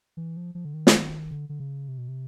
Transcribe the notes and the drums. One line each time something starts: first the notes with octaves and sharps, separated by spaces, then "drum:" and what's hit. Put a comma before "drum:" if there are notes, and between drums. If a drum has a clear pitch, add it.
E3
F3
F3
D3
D#3
drum: snare
D3
D3
C#3
C3
B2
C3